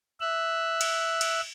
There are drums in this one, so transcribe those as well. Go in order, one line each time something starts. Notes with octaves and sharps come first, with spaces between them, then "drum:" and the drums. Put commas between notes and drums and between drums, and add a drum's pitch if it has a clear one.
E5 E6 F#6
drum: cymbal
drum: cymbal